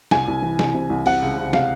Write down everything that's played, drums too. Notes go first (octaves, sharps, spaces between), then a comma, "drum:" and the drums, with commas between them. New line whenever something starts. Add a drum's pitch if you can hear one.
C2 G#5, drum: snare
C2
E3
C2, drum: snare
C3
C2
C3 F#5, drum: open hi-hat
C#2
C#2
C3 F5, drum: snare